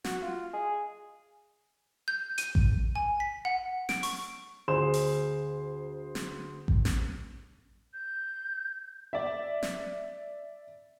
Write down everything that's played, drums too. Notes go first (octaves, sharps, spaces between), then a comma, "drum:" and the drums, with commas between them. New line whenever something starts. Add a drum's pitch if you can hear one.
F#4, drum: snare
F4
G#4
G6
D#7, drum: hi-hat
drum: kick A1
G#5
B6
F#5
D7, drum: snare
C#6, drum: open hi-hat
D2 G#4 C5 C6 E7
drum: open hi-hat
drum: snare
drum: kick A1
drum: snare
G6
D5 E5
drum: snare